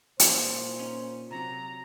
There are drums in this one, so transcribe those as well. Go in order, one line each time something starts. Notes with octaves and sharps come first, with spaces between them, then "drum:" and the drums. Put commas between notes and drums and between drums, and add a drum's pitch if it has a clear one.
A#2 C5, drum: hi-hat
C#4 D#4
C3 F#3 A#5